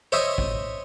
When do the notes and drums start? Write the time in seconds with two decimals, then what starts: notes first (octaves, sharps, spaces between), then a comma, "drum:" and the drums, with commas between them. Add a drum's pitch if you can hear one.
0.12 C5 C#5 D#5 E5
0.38 drum: kick